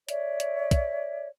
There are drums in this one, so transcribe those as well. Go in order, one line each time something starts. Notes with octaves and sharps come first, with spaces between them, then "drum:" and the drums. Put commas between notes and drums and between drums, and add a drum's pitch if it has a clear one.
C#5 D5 E5, drum: hi-hat
drum: hi-hat
drum: kick, hi-hat